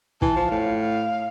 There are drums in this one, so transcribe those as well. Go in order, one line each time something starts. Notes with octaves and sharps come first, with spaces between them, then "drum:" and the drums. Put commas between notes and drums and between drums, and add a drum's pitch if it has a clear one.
E3 A5, drum: kick
F3
A2 F5
F5